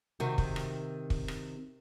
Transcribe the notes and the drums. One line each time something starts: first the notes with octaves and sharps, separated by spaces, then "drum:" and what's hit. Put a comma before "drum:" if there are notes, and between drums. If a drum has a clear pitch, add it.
C3 D#3 F#4
drum: kick
drum: rim click
drum: kick
drum: rim click